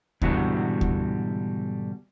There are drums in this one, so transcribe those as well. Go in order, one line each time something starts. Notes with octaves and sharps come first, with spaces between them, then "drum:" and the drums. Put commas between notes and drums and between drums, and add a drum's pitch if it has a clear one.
G#2 B2 D3 E3 G3 F#4, drum: kick D2
drum: kick D2